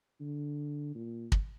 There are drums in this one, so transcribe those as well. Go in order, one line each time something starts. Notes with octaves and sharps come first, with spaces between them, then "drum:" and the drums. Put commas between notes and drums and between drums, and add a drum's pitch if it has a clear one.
D3
A#2
drum: kick